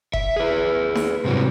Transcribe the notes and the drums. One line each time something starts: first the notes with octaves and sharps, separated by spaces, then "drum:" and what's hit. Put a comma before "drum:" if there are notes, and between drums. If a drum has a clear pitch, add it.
E5, drum: kick F#1
G#4 B4
drum: snare D#4
G#2 C3 E3 F#3 G3